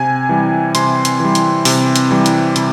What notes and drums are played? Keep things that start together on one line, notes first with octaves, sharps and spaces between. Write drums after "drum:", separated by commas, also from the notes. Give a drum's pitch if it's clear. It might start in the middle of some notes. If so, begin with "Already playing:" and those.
Already playing: C3 G#5
E3 G3
C3 C6, drum: hi-hat
drum: hi-hat
E3 G3
drum: hi-hat
C3, drum: open hi-hat
drum: hi-hat
E3 G3
drum: hi-hat
C3, drum: hi-hat